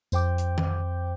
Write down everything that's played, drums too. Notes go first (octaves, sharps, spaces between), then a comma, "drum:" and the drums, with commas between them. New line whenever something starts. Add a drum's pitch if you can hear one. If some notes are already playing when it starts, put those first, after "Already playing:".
F2 C5 G5 D6 G6, drum: tambourine
drum: hi-hat
drum: tom D#3